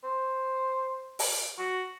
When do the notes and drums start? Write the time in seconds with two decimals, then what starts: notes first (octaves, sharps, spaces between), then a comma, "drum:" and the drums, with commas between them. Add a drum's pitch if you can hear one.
0.04 C5
1.19 drum: open hi-hat
1.58 F#4